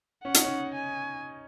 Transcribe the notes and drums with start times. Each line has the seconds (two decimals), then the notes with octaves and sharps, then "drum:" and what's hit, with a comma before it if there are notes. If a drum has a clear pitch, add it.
0.24 C#4 F#5
0.34 D#4, drum: hi-hat
0.44 C#4
0.74 G#5